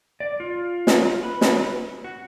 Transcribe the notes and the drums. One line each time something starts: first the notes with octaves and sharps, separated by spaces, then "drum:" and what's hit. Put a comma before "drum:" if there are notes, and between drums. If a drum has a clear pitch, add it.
D5
F4
drum: snare
B4
drum: snare
F#4